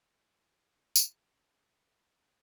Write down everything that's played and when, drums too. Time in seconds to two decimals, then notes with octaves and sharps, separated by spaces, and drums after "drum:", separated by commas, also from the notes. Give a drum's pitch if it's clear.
0.12 D#2
0.61 D#4
0.96 F4, drum: tambourine
1.29 C#3
1.95 G3
2.13 D#4